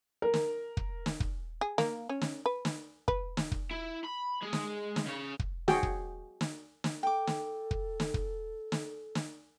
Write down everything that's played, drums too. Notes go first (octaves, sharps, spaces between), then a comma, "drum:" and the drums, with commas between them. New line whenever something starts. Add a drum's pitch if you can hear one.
A#4
drum: snare
drum: kick
drum: snare
drum: kick
G#4
A#3, drum: snare
C#4
drum: snare
B4
drum: snare
B4, drum: kick
drum: snare
drum: kick
E4
B5
G#3 G#4
drum: snare
drum: snare
C#3 C#5
drum: kick
F#4 G#4 G5, drum: snare
drum: kick
drum: snare
drum: snare
A4 G5 D6
drum: snare
drum: kick
drum: snare
drum: kick
drum: snare
drum: snare